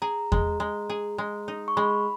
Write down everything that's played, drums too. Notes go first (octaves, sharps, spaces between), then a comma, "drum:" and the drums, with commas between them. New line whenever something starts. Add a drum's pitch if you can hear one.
G#4 A#5
G#3, drum: kick E2
G#3
G#4
G#3
D#4
C#6
G#3 B5